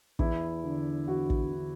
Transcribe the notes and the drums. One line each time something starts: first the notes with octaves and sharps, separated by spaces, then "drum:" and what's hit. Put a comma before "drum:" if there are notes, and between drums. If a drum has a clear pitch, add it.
E2 E4, drum: kick
D3
E2 F#4
drum: kick
D3